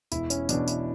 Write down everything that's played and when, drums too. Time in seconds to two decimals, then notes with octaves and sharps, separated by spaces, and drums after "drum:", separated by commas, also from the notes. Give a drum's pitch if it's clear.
0.12 E1 E4, drum: tambourine
0.30 C#4, drum: tambourine
0.49 E2 B2 D4, drum: tambourine
0.68 E4, drum: tambourine